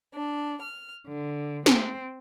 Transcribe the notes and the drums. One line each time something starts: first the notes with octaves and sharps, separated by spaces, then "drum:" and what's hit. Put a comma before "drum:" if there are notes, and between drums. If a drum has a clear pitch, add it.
D4
F6
D3
C4, drum: snare